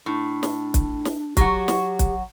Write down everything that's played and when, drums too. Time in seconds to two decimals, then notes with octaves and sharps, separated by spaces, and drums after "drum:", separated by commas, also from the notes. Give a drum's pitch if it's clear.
0.06 A2 D4
0.43 drum: snare
0.74 drum: kick, hi-hat
1.05 drum: snare
1.37 F#3 F#4 G4, drum: kick, hi-hat
1.68 drum: snare
1.99 drum: kick, hi-hat